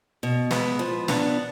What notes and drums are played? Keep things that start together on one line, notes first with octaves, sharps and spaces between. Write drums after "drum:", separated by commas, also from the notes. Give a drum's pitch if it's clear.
B2
G#3 B3, drum: snare
F3
B3 D4, drum: snare